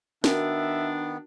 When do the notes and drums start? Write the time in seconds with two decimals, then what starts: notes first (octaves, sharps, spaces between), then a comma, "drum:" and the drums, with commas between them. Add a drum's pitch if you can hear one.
0.24 D#3 B3 D4 F#4 A#4 E5, drum: snare